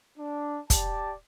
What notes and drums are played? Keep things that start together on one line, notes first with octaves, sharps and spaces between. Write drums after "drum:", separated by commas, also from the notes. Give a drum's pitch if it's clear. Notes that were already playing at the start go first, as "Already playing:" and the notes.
D4
G4 D5 A5, drum: kick, hi-hat